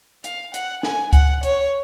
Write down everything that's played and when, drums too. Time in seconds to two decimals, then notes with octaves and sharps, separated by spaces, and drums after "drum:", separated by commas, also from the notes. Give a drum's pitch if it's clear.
0.24 F5, drum: hi-hat
0.54 F#5, drum: hi-hat
0.83 G#5, drum: snare
1.13 F#5, drum: kick C#2, hi-hat
1.43 C#5, drum: hi-hat